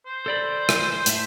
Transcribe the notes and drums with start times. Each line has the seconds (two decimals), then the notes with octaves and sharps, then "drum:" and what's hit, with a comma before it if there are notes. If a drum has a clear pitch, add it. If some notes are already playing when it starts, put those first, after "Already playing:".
0.06 C5
0.26 A4 D5 B5
0.69 drum: rim click
1.06 A2 E5, drum: hi-hat